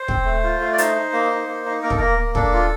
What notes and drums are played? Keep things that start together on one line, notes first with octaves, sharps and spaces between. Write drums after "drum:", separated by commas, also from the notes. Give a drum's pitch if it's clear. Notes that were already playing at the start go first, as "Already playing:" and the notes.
Already playing: C5
C4, drum: kick
A3
F4
A3
D5
D#4 C5, drum: hi-hat
D#4
A#3
D#4
A#3
D#4
A#3 A#4
A4, drum: kick
A#3 A#4
A#3
D4 A4, drum: kick
F4